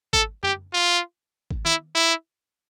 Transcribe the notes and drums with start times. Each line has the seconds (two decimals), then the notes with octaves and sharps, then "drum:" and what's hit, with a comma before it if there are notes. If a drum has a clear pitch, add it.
0.13 A4, drum: kick
0.43 G4, drum: tom F#2
0.73 F4
1.51 drum: kick
1.65 E4, drum: tom D#3
1.95 E4